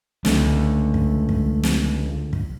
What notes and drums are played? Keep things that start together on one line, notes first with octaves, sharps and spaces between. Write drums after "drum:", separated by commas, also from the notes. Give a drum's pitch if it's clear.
C#2 D3 A3, drum: snare
drum: kick
drum: kick
drum: snare
drum: kick